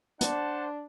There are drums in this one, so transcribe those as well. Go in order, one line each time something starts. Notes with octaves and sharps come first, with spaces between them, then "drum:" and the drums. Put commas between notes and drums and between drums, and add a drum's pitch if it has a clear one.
D4 C5 F#5 A5, drum: hi-hat